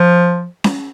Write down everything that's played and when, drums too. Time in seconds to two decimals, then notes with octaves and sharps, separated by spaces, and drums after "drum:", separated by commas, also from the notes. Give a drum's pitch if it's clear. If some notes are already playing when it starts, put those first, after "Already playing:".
Already playing: F3
0.64 drum: snare C#4